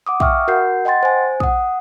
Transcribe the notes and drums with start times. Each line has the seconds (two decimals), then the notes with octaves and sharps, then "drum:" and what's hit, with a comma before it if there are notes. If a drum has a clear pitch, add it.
0.07 F#5 D6 D#6
0.20 E5 F5 G5 C#6 D#6 F6, drum: kick
0.48 F#4 A#4 F#5 G6 C7
0.85 D#5 F#5 G5 C6 A6
1.03 C5 G#5
1.40 F#5 D#6, drum: kick